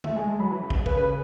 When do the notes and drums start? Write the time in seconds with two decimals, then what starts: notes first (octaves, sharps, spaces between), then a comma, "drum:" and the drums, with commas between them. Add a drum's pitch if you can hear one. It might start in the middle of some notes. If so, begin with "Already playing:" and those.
0.04 A3 E5, drum: tom
0.16 G#3 G#5
0.27 G#3 A5
0.40 F#3 B5
0.51 E3
0.63 C#3
0.70 B2, drum: kick
0.79 C#3
0.86 B4, drum: kick
0.97 B4